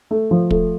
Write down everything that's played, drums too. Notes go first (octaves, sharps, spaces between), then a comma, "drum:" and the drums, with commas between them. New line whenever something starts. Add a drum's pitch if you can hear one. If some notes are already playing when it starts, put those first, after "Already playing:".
A3
F3
A3, drum: kick